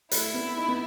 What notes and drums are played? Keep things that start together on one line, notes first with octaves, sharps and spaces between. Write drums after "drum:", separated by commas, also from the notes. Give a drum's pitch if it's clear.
A3 E4, drum: hi-hat
B3
D#4
B3